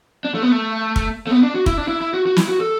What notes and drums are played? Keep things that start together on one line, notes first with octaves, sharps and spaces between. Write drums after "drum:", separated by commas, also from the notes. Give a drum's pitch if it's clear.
D4
A3
B3
A3
drum: kick
A3
B3
D4
F#4
E4, drum: kick
D4
E4
E4
F#4
F#4
E4, drum: snare
F#4
A4